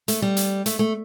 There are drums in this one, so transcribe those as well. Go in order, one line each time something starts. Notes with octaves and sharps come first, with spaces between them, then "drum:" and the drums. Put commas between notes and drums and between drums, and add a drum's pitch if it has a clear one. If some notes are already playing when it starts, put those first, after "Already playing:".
A3, drum: hi-hat
G3
drum: hi-hat
A3, drum: hi-hat
A3